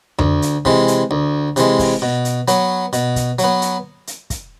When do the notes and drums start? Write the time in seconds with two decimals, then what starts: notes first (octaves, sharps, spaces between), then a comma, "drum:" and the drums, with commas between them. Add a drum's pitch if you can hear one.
0.19 D2, drum: tom F2
0.42 drum: hi-hat
0.65 C3 E3 G#3, drum: kick
0.88 drum: hi-hat
1.11 D2
1.56 C3 E3 G#3, drum: hi-hat
1.79 drum: kick, open hi-hat
2.02 B2
2.25 drum: hi-hat
2.48 F#3 B3, drum: hi-hat
2.93 B2, drum: hi-hat
3.16 drum: kick, hi-hat
3.39 F#3, drum: hi-hat
3.44 B3
3.62 drum: hi-hat
4.07 drum: hi-hat
4.30 drum: kick, hi-hat